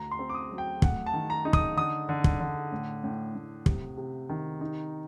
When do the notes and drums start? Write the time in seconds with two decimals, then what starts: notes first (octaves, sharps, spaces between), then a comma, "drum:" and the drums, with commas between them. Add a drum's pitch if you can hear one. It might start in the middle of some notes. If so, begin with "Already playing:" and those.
Already playing: D2 A#5
0.11 C6
0.19 C4
0.29 D6
0.35 D#6
0.51 F#3
0.58 G5
0.82 A3 F#5, drum: kick
1.06 A5
1.13 D#3
1.30 A#5
1.45 D#4
1.53 D#6, drum: kick
1.77 D3 D#6
2.09 D3
2.24 drum: kick
2.40 D3
2.72 A2
3.04 A2
3.35 A2
3.66 C3, drum: kick
3.97 C3
4.29 D#3
4.61 D#4